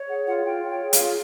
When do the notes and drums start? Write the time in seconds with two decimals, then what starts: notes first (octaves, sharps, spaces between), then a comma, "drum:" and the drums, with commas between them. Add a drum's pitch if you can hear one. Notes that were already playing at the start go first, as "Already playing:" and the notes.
Already playing: C#5
0.08 G#4 F#5
0.26 F4 F#5
0.45 F4 G5
0.64 C#5 G5
0.81 G#4
0.93 F5, drum: hi-hat
0.99 F4